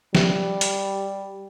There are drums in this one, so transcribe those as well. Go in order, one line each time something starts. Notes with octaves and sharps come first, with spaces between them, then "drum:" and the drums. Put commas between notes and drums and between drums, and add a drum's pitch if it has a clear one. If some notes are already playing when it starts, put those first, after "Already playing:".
G3, drum: snare
drum: hi-hat